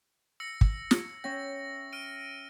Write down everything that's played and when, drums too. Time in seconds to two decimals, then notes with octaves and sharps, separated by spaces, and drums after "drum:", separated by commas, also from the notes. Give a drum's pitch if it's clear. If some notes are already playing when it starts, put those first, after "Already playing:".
0.40 E6 A#6 C#7
0.61 drum: kick
0.91 drum: snare
1.24 C#4 E5 G5 A#6
1.93 F6 D7 D#7